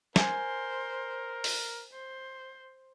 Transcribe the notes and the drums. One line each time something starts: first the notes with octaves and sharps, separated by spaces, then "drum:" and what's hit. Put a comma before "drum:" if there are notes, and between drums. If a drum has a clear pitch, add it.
A#4 C5 G#5 C6, drum: snare
drum: open hi-hat
C5